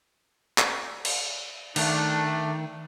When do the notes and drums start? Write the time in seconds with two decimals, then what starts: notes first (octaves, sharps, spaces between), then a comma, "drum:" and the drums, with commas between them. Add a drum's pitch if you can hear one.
0.58 drum: clap
1.05 drum: cymbal
1.76 D#3 A3 D4, drum: cymbal